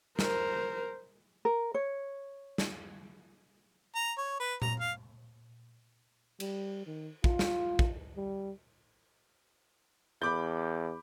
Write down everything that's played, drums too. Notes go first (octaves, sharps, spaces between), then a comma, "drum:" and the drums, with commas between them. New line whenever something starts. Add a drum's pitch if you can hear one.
A#4 C5, drum: snare
A#4
C#5
drum: snare
A#5
C#5
B4
A#5, drum: tom A#2
F5
G3, drum: cymbal
D#3
F4, drum: kick
drum: snare
drum: kick
G3
E2 B5 D6 G6